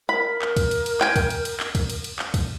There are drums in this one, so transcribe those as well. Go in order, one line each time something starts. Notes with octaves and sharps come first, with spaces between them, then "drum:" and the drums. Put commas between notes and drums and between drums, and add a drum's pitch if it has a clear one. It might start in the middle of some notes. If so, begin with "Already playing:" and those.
A#4 B5
drum: clap
drum: kick, cymbal
drum: cymbal
drum: cymbal
G5 G#5, drum: clap
drum: kick, cymbal
drum: cymbal
drum: cymbal
drum: clap
drum: kick, cymbal
drum: cymbal
drum: cymbal
drum: clap
drum: kick, cymbal